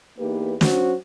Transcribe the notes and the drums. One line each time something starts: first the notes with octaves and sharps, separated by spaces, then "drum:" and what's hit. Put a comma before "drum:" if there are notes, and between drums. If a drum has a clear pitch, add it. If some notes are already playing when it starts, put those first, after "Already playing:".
E2 A#3 D#4 G4 B4
F#3 C#4 D4 F#4 C5, drum: snare